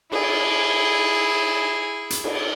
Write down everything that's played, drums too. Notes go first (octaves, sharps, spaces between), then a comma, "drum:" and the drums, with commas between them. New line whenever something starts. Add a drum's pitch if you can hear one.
E4 G#4, drum: cymbal
drum: hi-hat
drum: cymbal